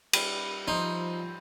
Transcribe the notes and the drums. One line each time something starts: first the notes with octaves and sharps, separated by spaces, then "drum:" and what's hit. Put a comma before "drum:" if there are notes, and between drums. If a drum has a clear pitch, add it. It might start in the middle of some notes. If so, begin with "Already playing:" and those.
G3 E5, drum: cymbal
F3 D#4 C5